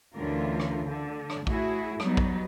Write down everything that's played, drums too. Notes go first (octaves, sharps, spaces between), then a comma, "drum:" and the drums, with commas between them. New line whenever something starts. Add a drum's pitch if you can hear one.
D2 D3 E3 C#4 F4 A#4
drum: rim click
D3
drum: rim click
A2 E4 F#4 G#4, drum: kick A#1
F#3 G3 B3 D#4, drum: rim click
drum: kick A#1